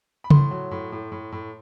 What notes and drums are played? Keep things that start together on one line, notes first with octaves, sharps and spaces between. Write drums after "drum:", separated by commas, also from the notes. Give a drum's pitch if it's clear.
B5
A2 C6, drum: tom C#3
F#3
A2
A2
A2
A2